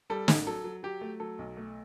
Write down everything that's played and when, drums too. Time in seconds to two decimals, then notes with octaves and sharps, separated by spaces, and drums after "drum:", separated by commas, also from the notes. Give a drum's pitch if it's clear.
0.10 G3 A4
0.28 A1, drum: snare
0.47 F#3 A4
0.64 F#3
0.83 F#3 G4
1.01 A3
1.20 F#3 A4
1.39 B1
1.57 A3